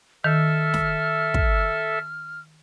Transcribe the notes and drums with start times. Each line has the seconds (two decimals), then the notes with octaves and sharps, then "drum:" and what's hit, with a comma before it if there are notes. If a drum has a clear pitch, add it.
0.24 D#3 A4 E5 F6
0.74 drum: snare
1.34 drum: kick